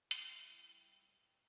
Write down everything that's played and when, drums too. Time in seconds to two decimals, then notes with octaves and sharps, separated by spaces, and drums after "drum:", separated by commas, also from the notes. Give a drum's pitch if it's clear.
0.11 G3 E4 G5 D#6 E6, drum: hi-hat